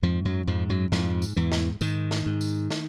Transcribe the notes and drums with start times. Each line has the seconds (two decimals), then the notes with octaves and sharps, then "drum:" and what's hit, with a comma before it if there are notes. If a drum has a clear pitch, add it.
0.02 F2 G#2 F3
0.25 F#2 F#3
0.47 F2 G#2 F3
0.69 F#2 F#3
0.92 F2 G#2 F3, drum: snare
1.22 drum: tambourine
1.36 E2 G#2 E3
1.52 drum: snare
1.81 G#2 D#3, drum: tambourine
2.11 drum: snare
2.26 G#2
2.41 drum: tambourine
2.70 drum: snare